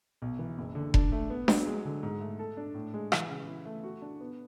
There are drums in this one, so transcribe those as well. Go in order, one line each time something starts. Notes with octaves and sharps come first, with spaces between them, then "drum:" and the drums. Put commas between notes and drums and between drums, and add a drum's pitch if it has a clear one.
B1
E3
F#1
D3
D4, drum: kick F1
A3
B3
F#3, drum: snare D4
G#3
D3
G#2
A3
A4
D4
A2
G#3
E3, drum: rim click
C#3
E4
A3
F#4
D4
B3